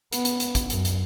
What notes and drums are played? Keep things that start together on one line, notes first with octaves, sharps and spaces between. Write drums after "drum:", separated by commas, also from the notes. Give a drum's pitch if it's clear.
B3, drum: hi-hat
drum: hi-hat
drum: hi-hat
drum: kick G#1, hi-hat
F#2, drum: hi-hat
drum: hi-hat